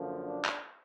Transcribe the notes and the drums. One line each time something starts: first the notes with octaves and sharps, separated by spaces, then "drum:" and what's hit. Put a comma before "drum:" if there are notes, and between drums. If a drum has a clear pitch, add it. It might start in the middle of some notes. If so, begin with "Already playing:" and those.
Already playing: F#2 D3 F3 A#3
D4
drum: clap